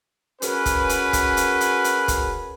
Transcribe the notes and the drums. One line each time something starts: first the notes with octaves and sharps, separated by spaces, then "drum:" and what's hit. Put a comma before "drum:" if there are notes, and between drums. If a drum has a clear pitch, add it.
C#4 F#4 G#4 A#4 B4, drum: hi-hat
drum: kick, hi-hat
drum: hi-hat
drum: kick, hi-hat
drum: hi-hat
drum: hi-hat
drum: hi-hat
drum: kick, hi-hat